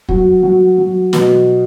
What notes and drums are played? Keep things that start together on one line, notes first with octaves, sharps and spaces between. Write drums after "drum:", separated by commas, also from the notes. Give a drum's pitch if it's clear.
F#3, drum: kick
F#3
F#3
B2, drum: snare